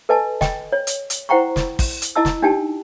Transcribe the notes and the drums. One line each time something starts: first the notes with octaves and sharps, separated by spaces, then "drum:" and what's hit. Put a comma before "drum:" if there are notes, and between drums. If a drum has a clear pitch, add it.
A4 B4 D#5 G#5 A5
D#5 G5, drum: snare
C#5
drum: hi-hat
drum: hi-hat
E4 C5 F#5 G5 A#5 C#6
drum: snare
drum: kick, open hi-hat
drum: hi-hat
E4 D#5 A5 E6
drum: snare
D4 D#4 G4 G5 A5